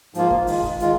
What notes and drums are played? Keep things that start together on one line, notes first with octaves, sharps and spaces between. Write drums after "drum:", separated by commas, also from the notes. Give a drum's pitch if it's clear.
G#2 F3 A#3 F4, drum: hi-hat
drum: kick
D#3 G#3 F4, drum: open hi-hat
drum: kick
D#3 G#3 F4, drum: hi-hat